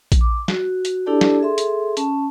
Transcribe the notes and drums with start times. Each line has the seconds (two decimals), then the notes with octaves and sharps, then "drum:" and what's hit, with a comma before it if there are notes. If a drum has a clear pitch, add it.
0.12 drum: kick A#1, hi-hat
0.21 D6
0.48 F#4, drum: snare
0.85 drum: hi-hat
1.06 D4 E4 G4 A4 D5 A5
1.21 drum: snare
1.40 G#4 A4 E5 C6
1.58 drum: hi-hat
1.97 C#4 A5, drum: hi-hat